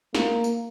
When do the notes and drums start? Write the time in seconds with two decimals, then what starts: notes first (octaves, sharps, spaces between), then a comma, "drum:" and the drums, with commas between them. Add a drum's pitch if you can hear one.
0.15 A#3, drum: snare
0.44 drum: tambourine